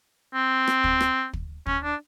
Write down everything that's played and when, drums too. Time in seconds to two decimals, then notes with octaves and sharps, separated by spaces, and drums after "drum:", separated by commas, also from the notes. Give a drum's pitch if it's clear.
0.34 C4
0.68 drum: rim click
0.84 drum: kick
1.01 drum: rim click
1.34 drum: kick
1.67 C#4, drum: kick
1.83 D4